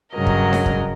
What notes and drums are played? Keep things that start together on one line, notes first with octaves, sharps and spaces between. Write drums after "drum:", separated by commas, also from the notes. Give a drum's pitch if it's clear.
G2 C#3 F#3 A#4 D#5
drum: kick
drum: snare D4
drum: kick